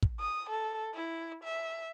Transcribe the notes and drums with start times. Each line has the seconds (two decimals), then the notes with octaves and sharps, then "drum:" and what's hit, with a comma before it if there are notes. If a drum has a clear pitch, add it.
0.02 drum: kick
0.20 D#6
0.50 A4
0.94 E4
1.44 E5